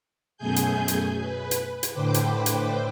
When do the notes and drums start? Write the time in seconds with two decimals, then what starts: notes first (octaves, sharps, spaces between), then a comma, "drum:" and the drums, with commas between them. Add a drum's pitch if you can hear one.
0.37 F#2 B2 A3 G#4 G#5 G6
0.56 drum: hi-hat
0.88 drum: hi-hat
1.20 B4
1.51 drum: hi-hat
1.83 drum: hi-hat
1.93 A2 D3 B4 C5 G5 D6
2.14 drum: hi-hat
2.46 drum: hi-hat